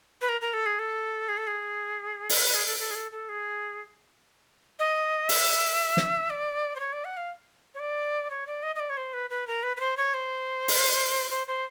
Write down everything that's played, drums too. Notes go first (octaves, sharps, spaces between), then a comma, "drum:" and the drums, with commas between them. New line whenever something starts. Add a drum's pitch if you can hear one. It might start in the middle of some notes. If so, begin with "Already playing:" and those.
B4
A#4
A#4
A4
G#4
A4
G#4
A4
G#4
A4, drum: open hi-hat
B4
G#4
A4
A4
G#4
A4
A4
G#4
D#5
E5, drum: open hi-hat
drum: snare
D5
C5
C#5
D5
F#5
F5
C#5
D5
C#5
D5
D#5
D#5
D5
C#5
C5
B4
B4
A#4
B4
B4
C5
C#5
C5
drum: open hi-hat
C5
C5